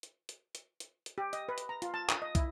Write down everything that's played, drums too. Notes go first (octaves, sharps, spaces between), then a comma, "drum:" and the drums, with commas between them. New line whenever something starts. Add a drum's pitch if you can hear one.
drum: hi-hat
drum: hi-hat
drum: hi-hat
drum: hi-hat
drum: hi-hat
G4
D#5, drum: hi-hat
B4
drum: hi-hat
A#5
F4, drum: hi-hat
A5
D#6, drum: clap
D#5
E4, drum: kick, hi-hat